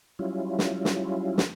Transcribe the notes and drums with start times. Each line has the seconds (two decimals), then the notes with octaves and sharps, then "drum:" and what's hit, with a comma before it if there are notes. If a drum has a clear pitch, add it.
0.19 F#3 G3 C#4 E4 F4
0.59 drum: snare
0.85 drum: snare
1.38 drum: snare